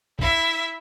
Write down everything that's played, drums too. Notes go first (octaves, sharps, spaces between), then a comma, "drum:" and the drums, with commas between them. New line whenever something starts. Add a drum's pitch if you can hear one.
E4 E5, drum: kick A#1